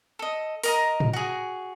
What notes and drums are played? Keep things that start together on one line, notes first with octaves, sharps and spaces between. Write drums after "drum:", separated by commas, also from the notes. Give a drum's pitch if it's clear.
A4 D#5
A#4 D#5 A#5, drum: open hi-hat
drum: tom A2
F#4 G#4